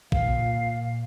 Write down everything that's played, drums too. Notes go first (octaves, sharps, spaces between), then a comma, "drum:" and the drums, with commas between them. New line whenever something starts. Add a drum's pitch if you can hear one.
A#2 F5, drum: kick A1